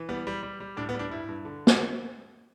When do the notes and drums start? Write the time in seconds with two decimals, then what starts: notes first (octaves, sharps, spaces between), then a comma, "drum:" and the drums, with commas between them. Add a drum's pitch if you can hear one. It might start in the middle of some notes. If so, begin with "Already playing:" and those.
Already playing: E3
0.09 G3 B3
0.27 G3
0.43 G3
0.60 G3
0.77 A2 D4
0.89 B3
0.94 G3
0.99 D4
1.11 G2 E4
1.29 G2
1.45 D3
1.67 drum: snare